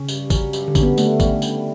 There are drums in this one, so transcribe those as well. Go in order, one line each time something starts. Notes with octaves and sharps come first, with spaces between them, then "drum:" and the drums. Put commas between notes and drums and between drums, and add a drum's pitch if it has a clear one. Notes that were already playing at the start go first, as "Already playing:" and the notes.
Already playing: C#3 C#4
G2, drum: tambourine
F#3 C#4, drum: kick, tambourine
G2, drum: tambourine
D3
F#3 C#4, drum: kick, tambourine
B3
D3 A3, drum: tambourine
G3 C#4 E4, drum: kick, tambourine
D3, drum: tambourine